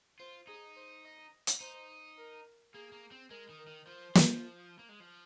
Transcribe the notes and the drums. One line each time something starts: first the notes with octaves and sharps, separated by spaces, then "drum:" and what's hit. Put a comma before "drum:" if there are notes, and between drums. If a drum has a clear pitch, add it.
F4 C5
D#4 G#4
C5
D#5
drum: hi-hat
D#4 C5
A#4
A#3 G#4
A#3
C4
G#3 A#4
D#3
A#4
D#3
F3 C5
F3, drum: snare
A#3
G#3
F3